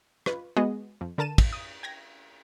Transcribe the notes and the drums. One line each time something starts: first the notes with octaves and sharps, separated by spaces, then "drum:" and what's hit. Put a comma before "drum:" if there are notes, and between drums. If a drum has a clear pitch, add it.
F4 B4, drum: rim click
G#3 B3 F#4 G#4 D#5
F2
D3 A#4 A5 D#7 E7
drum: kick, cymbal
D#6
G5 G#6 A#6